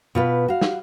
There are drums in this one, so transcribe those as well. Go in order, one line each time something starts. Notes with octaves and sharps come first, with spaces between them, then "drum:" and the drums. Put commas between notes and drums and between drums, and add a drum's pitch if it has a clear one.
B2 F4 B4
F#4 F5
drum: snare